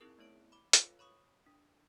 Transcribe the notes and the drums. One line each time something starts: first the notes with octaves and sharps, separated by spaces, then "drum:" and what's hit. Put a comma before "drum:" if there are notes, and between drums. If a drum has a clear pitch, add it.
C4 D#4 E4 G#4 A#4
A3 B3 E4 C#5 D7
B5 D6
F4 A4 B4 C#5 F5, drum: hi-hat
C#5 B5 C#6 D#6
D4